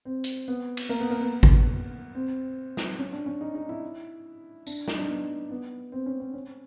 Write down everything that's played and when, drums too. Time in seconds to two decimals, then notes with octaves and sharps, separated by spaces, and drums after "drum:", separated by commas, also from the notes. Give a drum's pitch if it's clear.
0.05 C4
0.24 drum: hi-hat
0.48 B3
0.77 drum: cymbal
0.89 A#3
1.00 B3
1.10 A#3
1.21 B3
1.43 drum: kick G#1
2.15 C4
2.77 drum: snare
2.99 C#4
3.12 D4
3.26 C#4
3.41 D#4
3.55 D#4
3.69 E4
4.67 D4, drum: tambourine
4.88 D#4, drum: snare
4.98 D4
5.08 B3
5.51 B3
5.92 C4
6.06 C#4
6.20 C4
6.34 C#4